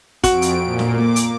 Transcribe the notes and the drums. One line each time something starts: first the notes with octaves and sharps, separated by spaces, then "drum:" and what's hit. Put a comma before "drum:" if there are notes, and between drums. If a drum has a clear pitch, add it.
F2 F#4 D7, drum: kick, hi-hat
drum: hi-hat
A#2
drum: snare
A#3 D6
drum: hi-hat